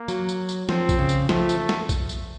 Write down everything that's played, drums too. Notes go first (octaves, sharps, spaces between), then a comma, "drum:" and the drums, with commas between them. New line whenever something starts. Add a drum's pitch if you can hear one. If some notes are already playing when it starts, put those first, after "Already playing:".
Already playing: A#3
F#3, drum: tambourine
drum: tambourine
drum: tambourine
F3 C4, drum: snare
drum: kick B1, tambourine
C#3
drum: tambourine
F3 A3, drum: snare
drum: tambourine
drum: snare
drum: kick B1, tambourine
drum: tambourine